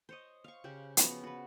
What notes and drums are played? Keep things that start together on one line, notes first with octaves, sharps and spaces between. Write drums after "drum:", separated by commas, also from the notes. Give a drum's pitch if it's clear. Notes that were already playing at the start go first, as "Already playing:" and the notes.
C5 C#5 D#5
F5 C#6
C#3 G4 C5
C#3 F3 B3 F#4, drum: hi-hat
F#4 B4